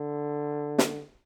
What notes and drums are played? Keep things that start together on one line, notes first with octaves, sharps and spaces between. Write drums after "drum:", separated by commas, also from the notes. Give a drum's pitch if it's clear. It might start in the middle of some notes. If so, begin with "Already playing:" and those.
Already playing: D3
drum: snare